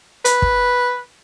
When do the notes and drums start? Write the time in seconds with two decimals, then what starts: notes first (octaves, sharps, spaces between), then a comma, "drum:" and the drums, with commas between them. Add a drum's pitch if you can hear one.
0.25 B4, drum: hi-hat
0.42 drum: kick